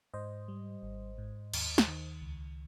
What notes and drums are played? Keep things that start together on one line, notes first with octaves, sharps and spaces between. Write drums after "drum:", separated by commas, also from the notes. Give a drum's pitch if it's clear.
G#2 C5 D#5
G3
G#1
G#2
D#2, drum: cymbal
drum: snare
D#3
C#2